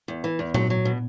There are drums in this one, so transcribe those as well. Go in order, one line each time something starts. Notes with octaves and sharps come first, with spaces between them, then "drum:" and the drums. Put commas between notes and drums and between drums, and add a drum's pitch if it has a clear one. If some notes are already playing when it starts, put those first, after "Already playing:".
E2
E3
E2
F#3, drum: tom A#2
F#3
B2